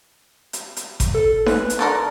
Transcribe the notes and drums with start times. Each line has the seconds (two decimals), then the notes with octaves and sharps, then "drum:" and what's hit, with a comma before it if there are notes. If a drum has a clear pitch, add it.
0.53 drum: hi-hat
0.76 drum: hi-hat
1.00 drum: kick G#1, hi-hat
1.14 A4
1.46 B4, drum: snare D#4
1.70 drum: hi-hat
1.79 D3 A4 A#4 D5